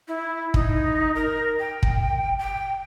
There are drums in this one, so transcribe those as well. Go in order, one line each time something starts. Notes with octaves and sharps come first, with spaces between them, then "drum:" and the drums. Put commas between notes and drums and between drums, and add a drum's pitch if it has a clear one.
E4
D#4, drum: kick
A#4
G5
drum: kick
G5